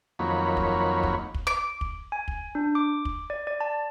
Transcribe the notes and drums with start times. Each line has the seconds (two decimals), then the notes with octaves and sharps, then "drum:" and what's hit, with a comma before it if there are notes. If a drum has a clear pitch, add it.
0.19 F2 D#3 F#3 A#3 C#5 B5
0.57 drum: kick
1.03 drum: kick
1.34 drum: kick
1.47 D6
1.81 drum: kick
2.12 G#5
2.28 drum: kick
2.55 D4
2.75 D6
3.05 drum: kick
3.30 D5
3.47 D5
3.61 A5